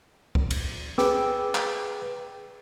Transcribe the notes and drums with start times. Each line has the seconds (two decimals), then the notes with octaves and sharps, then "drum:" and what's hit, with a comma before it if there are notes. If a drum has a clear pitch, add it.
0.35 drum: kick
0.51 drum: cymbal
0.98 G#4 B4 G5 D6 E6, drum: snare
1.55 drum: clap